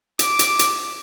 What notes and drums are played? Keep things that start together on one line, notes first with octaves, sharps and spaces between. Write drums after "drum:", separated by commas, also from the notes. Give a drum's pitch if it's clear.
D6, drum: hi-hat
drum: hi-hat
drum: hi-hat